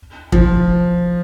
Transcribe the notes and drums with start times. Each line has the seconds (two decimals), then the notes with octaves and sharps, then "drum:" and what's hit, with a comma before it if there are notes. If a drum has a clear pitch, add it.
0.32 F3, drum: kick